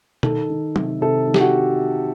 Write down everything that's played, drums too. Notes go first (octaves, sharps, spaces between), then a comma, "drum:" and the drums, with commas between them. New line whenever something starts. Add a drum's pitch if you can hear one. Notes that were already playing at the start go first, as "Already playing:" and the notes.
D#3 A4, drum: tom B2
D#3
C3, drum: tom F#3
C3 A4
D#3
G4, drum: snare
F#4